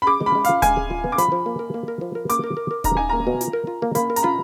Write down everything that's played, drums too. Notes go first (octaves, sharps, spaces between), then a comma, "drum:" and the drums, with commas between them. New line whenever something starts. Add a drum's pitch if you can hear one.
B5
G#4 D6
G#3
B5
G#3
F4 F5, drum: hi-hat
G#3 G#5, drum: kick D#1, hi-hat
G#4
F4
B3
D6
F3 B5, drum: hi-hat
F3
A#3
A#4
A#3
A#4
F3
A#4
A#3 D6, drum: hi-hat
A#4
A#4
A#4
D#4 A#5, drum: kick D#1, hi-hat
D#4 G#5
A#3 A#5
B2
F4, drum: hi-hat
A#4
F4
A#3
A#3 B5, drum: hi-hat
A#4
A#5, drum: hi-hat
F4 B5